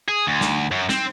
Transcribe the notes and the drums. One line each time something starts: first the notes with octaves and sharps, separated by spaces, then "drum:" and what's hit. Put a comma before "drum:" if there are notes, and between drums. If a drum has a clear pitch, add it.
G#4
D2
drum: snare
F#2
C4, drum: snare